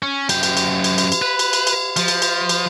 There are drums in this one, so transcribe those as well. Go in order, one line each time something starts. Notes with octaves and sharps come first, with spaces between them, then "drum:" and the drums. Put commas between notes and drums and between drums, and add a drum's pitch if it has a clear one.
C#4
F#2 G5, drum: cymbal
drum: cymbal
drum: cymbal
drum: cymbal
drum: cymbal
drum: cymbal
B4
drum: cymbal
drum: cymbal
drum: cymbal
F3, drum: cymbal
drum: cymbal
drum: cymbal
drum: cymbal